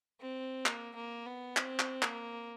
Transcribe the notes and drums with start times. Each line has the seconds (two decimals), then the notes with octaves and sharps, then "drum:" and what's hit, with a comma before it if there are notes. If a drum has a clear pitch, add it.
0.21 C4
0.66 A#3, drum: clap
0.96 A#3
1.27 B3
1.57 C4, drum: clap
1.79 drum: clap
2.02 A#3, drum: clap